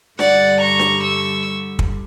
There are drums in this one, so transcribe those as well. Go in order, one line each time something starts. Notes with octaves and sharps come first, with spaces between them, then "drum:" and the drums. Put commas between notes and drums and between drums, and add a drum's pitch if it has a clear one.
G2 D3 G3 D5 F#5, drum: snare
A#5 C#6
drum: snare
C#6 E6
drum: kick